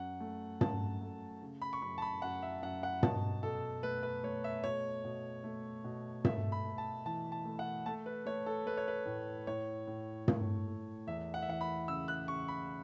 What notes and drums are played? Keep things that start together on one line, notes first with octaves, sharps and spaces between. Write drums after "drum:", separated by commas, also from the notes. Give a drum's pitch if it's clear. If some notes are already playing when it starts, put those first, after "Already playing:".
Already playing: F#2 F#5
A3
F#2 A5, drum: tom
A3
C#3
B5
C#6
F#2 B5
A5
B5
F#2 F#5
E5
F#2 F#5
F#5
B2 A5, drum: tom
B2 A4
A3 B4
B4
A3 C#5
E5
B2 C#5
B2
A3
B2
A3 E5, drum: tom
B5
A3
A5
E3 A5
A5
A3
F#5
A3 A5
B4
A3 C#5
A4
A3 B4
C#5
B4
A2
A2 C#5
A2
A3, drum: tom
A3
E2 E5
F#5
E5
E3 F#5
B5
C#3 E6
F#6
C#3 C#6
B5